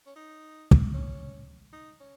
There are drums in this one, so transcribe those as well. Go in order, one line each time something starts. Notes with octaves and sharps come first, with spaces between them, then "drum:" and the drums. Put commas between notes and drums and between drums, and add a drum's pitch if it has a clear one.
C#4
D#4
drum: kick
C#4
D#4
C#4